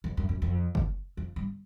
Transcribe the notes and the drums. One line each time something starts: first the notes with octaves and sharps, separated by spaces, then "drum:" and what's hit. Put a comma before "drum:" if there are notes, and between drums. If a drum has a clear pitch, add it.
F2
F#2
F#2
F2
drum: kick
F2
G2